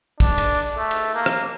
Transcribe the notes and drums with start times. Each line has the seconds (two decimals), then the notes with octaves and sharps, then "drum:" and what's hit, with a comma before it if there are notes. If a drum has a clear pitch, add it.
0.20 D4, drum: kick, cymbal
0.38 drum: cymbal
0.77 A3
0.91 drum: cymbal
1.15 A#3
1.26 drum: rim click